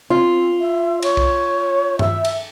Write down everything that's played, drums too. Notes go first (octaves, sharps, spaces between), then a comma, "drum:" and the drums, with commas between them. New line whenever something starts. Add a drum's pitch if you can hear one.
C4 F4
E5
C#5, drum: cymbal
drum: kick
E5, drum: tom G2
drum: cymbal